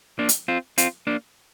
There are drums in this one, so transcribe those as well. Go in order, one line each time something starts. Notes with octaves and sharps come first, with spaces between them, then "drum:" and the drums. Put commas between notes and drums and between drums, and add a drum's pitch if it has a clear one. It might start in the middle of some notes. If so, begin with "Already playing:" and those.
A#3 D4
drum: hi-hat
C4 F4
C4 F4, drum: hi-hat
A#3 D4